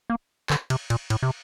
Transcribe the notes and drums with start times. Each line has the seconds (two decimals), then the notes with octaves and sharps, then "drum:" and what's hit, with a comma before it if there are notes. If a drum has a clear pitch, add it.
0.10 A#3
0.50 D3, drum: clap
0.70 C3, drum: cymbal
0.90 A#2, drum: cymbal
1.10 A2, drum: cymbal
1.23 C3